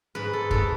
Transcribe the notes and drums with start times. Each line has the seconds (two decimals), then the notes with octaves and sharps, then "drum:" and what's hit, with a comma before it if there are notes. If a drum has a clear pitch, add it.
0.15 G#2 G#3 B4
0.33 A4
0.51 G#2 G#3 A4, drum: kick